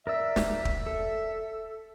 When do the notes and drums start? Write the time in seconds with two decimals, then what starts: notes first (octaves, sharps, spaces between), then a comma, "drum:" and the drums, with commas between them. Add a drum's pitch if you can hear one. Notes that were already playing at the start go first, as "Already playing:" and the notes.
0.07 A#4 D5 E5 E6
0.36 drum: snare
0.65 drum: kick
0.86 A4